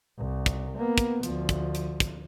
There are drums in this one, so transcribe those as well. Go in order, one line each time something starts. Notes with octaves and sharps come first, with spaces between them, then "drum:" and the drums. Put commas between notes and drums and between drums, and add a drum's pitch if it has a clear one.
C2
drum: kick, hi-hat
A#3 B3
drum: kick, hi-hat
D2 F3, drum: hi-hat
drum: kick, hi-hat
drum: hi-hat
drum: kick, hi-hat